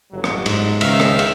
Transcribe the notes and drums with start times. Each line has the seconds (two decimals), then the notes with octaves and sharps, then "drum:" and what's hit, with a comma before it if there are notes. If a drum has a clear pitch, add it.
0.12 G1 F#3
0.24 drum: rim click
0.46 G#2, drum: cymbal
0.81 C#2 D#3 E5 F5, drum: cymbal
1.00 drum: rim click
1.19 drum: cymbal